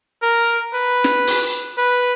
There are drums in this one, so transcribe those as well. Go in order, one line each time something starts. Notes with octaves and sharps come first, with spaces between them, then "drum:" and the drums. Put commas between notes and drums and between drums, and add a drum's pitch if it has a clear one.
A#4
B4
drum: snare
drum: open hi-hat
B4